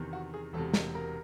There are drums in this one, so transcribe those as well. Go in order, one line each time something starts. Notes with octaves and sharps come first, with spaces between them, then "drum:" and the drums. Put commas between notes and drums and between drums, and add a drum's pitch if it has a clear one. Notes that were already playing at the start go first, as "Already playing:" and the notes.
Already playing: E2 C3 D#3
F#4
G#4
E1 E2 C3 A4
A#4, drum: snare
A#4